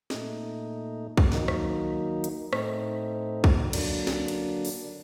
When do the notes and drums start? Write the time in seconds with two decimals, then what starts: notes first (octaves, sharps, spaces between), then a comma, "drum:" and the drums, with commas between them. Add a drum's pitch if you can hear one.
0.10 A#2 A3 D#4, drum: snare
1.17 drum: kick
1.32 D#3 F#3 A#3 D#4, drum: snare
1.48 drum: rim click
2.24 drum: hi-hat
2.53 A2 A3 C4 D#4, drum: rim click
3.44 drum: kick
3.73 D3 F#3 A#3 D4, drum: cymbal
4.07 drum: snare
4.28 drum: cymbal
4.65 drum: open hi-hat